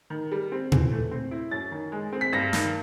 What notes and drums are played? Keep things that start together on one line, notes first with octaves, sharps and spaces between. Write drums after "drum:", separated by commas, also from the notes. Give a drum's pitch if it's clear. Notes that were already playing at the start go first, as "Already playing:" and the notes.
D#3
G3
C4
E3, drum: tom A#2
A3
C4
E4
F#2 A6
D#3
G#3
C4
B6
G2 A#6
D#3, drum: snare